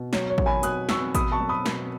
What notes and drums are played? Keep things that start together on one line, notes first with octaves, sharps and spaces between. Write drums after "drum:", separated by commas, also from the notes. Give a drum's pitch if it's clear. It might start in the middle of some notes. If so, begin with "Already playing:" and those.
Already playing: B2
F#3 C#5, drum: snare
C#5
F#3, drum: kick A1
G#5 B5
B2 D#6 F#6, drum: hi-hat
B2 C#6 E6, drum: snare
B2 B5 D#6, drum: kick A1, hi-hat
A5 C#6
F#3
B5 D#6
B2, drum: snare